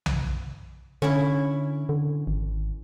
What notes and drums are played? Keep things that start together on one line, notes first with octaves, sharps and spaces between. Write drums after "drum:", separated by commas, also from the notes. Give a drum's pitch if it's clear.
drum: tom B1
D3 C#4 E4
D3
G#1